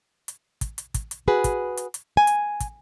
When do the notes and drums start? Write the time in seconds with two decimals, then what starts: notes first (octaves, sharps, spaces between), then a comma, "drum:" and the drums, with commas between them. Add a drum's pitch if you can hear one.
0.28 drum: hi-hat
0.61 drum: kick, hi-hat
0.78 drum: hi-hat
0.94 drum: kick, hi-hat
1.11 drum: hi-hat
1.28 F#4 G#4 B4
1.44 drum: kick, hi-hat
1.77 drum: hi-hat
1.94 drum: hi-hat
2.17 G#5
2.27 drum: hi-hat
2.60 drum: kick, hi-hat